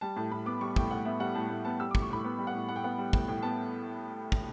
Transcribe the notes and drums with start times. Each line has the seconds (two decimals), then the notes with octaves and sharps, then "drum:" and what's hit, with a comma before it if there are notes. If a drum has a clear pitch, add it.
0.01 G3 A5
0.16 A2 A5
0.32 A2 B5
0.46 B3 D6
0.61 G3 C#6
0.76 A2 G5, drum: kick
0.91 A2 F#5
1.05 B3 E5
1.20 G3 F#5
1.35 A2 A5
1.50 A2
1.65 B3 A5
1.80 G3 E6
1.91 D6
1.95 A2, drum: kick
2.02 C#6
2.10 A2 B5
2.24 B3
2.39 G3
2.47 F#5
2.54 A2
2.68 A2 F#5
2.76 G5
2.84 B3 F#5
2.98 G3
3.13 A2 G5, drum: kick
3.28 A2 G5
3.42 B3 A5
4.32 drum: kick